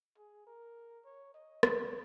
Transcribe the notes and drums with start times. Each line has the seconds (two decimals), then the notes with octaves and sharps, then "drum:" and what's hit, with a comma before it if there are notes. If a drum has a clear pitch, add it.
0.18 G#4
0.47 A#4
1.05 C#5
1.34 D#5
1.63 B4, drum: rim click